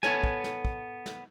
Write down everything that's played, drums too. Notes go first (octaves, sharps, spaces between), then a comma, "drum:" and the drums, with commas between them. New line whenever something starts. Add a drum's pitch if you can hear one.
B3 A4 C#5 G#5, drum: snare
drum: kick
drum: snare
drum: kick
drum: snare